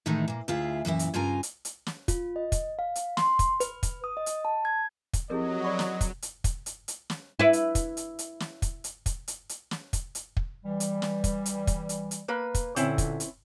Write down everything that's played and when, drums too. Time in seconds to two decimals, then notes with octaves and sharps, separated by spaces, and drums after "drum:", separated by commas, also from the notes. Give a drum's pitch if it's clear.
0.06 A2 D#3 E3 G#3 A3 D#4
0.28 A#2 A#3
0.48 D2 E4 F4 G#4 E5
0.85 F#2 A#2 E3 E4
0.99 drum: hi-hat
1.14 G2 C#3 F4 A#4 G#5 A#5
1.43 drum: hi-hat
1.65 drum: hi-hat
1.87 drum: snare
2.08 F4, drum: kick, hi-hat
2.36 D#5
2.52 drum: kick, hi-hat
2.79 F5
2.96 drum: hi-hat
3.17 C6, drum: snare
3.39 drum: kick, hi-hat
3.60 B4, drum: hi-hat
3.83 drum: kick, hi-hat
4.04 D#6
4.17 D#5
4.26 drum: hi-hat
4.45 A5
4.65 G#6
5.13 drum: kick, hi-hat
5.30 F3 F#3 C4 E4 G4 G#4 A#4 D#5
5.64 D5 B5 C#6
5.79 drum: snare
6.01 drum: kick, hi-hat
6.22 drum: hi-hat
6.44 drum: kick, hi-hat
6.66 drum: hi-hat
6.88 drum: hi-hat
7.10 drum: snare
7.39 E4 B4
7.53 drum: hi-hat
7.75 drum: kick, hi-hat
7.97 drum: hi-hat
8.19 drum: hi-hat
8.40 drum: snare
8.62 drum: kick, hi-hat
8.84 drum: hi-hat
9.06 drum: kick, hi-hat
9.28 drum: hi-hat
9.49 drum: hi-hat
9.71 drum: snare
9.93 drum: kick, hi-hat
10.15 drum: hi-hat
10.37 drum: kick
10.65 E3 G3
10.80 drum: hi-hat
11.02 drum: snare
11.24 drum: kick, hi-hat
11.46 drum: hi-hat
11.67 drum: kick, hi-hat
11.89 drum: hi-hat
12.11 drum: hi-hat
12.28 A#3 B4
12.55 drum: kick, hi-hat
12.76 A#2 D3 C4 C#4 E4, drum: hi-hat
12.98 drum: kick, hi-hat
13.20 drum: hi-hat